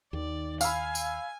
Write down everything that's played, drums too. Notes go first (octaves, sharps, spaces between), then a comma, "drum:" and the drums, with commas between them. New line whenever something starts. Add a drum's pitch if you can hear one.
D#2 D#3 D5
F5 G#5 B5 E6 F6, drum: tambourine
drum: tambourine